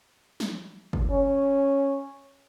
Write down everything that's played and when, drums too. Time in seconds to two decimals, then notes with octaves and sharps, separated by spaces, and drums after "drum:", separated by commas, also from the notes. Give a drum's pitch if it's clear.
0.40 drum: snare
0.93 drum: kick
1.11 C#4